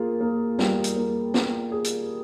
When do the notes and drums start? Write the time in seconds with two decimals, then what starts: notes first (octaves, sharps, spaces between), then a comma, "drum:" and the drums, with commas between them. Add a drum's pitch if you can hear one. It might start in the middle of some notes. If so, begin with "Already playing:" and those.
Already playing: A#3 F4 G#4
0.20 A#3
0.59 G3, drum: snare
0.84 drum: hi-hat
0.96 A#3
1.34 A#3, drum: snare
1.72 G#4
1.84 drum: hi-hat